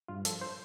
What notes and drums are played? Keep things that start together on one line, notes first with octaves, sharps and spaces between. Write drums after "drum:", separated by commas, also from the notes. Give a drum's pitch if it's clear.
G2 F4
F3 A4, drum: hi-hat
C5